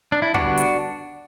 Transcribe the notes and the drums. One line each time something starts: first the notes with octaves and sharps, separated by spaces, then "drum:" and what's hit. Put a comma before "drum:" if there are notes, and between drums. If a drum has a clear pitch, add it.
D4
E4
D3 G3 B3 D4 F#4, drum: kick
drum: hi-hat